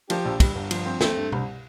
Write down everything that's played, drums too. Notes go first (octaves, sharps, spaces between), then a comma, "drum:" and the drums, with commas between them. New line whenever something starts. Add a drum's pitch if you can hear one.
F3 A#3 D4 G4, drum: cymbal
A#1
G3, drum: kick, cymbal
G1
F3, drum: cymbal
C4
D3 A3 C4, drum: snare
G2
C2, drum: tom B2